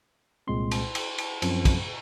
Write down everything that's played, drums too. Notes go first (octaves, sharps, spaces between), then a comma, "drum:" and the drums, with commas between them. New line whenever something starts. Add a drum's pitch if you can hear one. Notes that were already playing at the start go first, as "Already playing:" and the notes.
C2 A#2 G#3 C4 C6
drum: cymbal
drum: cymbal
drum: cymbal
F#2 F3 C4, drum: cymbal
drum: kick, cymbal